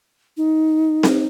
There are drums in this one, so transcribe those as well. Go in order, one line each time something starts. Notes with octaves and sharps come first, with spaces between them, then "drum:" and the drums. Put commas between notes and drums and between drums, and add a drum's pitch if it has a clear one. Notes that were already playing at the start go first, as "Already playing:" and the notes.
D#4
drum: snare C4